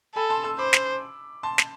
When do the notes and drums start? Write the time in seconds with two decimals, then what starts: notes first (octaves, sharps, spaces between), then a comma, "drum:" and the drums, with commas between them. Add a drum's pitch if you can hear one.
0.15 A4 G#5 B5
0.30 A5 C6
0.44 C6 E6
0.59 C5 B5 D6
0.73 drum: snare
1.43 A5 C6
1.58 drum: snare